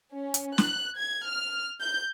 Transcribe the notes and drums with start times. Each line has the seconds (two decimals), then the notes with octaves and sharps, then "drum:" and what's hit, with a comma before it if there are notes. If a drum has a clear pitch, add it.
0.14 C#4
0.34 drum: hi-hat
0.58 F#6, drum: snare
0.98 G#6
1.29 F6
1.81 G6